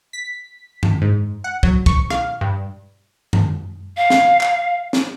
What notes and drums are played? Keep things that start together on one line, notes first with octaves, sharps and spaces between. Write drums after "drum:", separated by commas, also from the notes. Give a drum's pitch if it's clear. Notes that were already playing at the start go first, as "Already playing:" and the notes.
B6
drum: tom F#2
G#2
F#5
F#3, drum: kick
C#6, drum: kick
F5, drum: rim click
G2
drum: tom F#2
F5
drum: snare
drum: clap
drum: snare